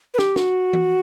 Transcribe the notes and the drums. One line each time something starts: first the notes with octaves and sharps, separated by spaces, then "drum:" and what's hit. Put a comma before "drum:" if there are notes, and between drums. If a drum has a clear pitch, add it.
B4
G4, drum: snare
F#4, drum: snare
drum: tom E3